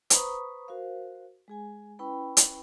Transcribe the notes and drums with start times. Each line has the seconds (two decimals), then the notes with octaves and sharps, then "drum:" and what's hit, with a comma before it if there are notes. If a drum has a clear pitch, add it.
0.10 B4 C5 A#5 B5 C#6 D#6, drum: hi-hat
0.68 F#4 A#4 C5 F5
1.48 G#3 G#4 G#5
1.99 C#4 E4 B4 G5 B5
2.37 drum: hi-hat